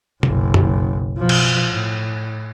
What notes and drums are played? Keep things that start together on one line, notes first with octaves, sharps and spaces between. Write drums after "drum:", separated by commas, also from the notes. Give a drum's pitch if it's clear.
F#1 B1, drum: tom C3
drum: tom F#2
B2 F3
drum: cymbal
A2